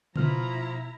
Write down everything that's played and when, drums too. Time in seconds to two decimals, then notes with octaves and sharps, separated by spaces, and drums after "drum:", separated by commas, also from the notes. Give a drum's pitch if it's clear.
0.16 B2 F3 E4 A#5 F6, drum: tom C#3